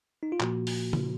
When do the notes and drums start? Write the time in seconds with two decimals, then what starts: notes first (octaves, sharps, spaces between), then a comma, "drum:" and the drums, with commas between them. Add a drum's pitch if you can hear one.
0.23 D#4
0.32 F4
0.40 A#2 F3 A#3 F#4, drum: clap
0.67 drum: open hi-hat
0.93 drum: tom C#3